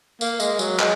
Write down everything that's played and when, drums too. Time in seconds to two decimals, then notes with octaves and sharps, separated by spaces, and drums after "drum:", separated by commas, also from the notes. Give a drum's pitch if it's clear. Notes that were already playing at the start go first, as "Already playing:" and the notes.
0.21 A#3, drum: tambourine
0.40 G#3, drum: tambourine
0.59 F#3, drum: tambourine
0.80 G#3, drum: clap